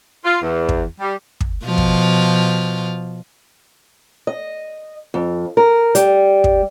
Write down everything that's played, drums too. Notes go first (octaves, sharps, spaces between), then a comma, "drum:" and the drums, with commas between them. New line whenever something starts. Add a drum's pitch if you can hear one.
F4
E2
drum: kick
G3
drum: kick
B2 F3 F4
drum: kick
D#5
F2
A#4
G3, drum: hi-hat
drum: kick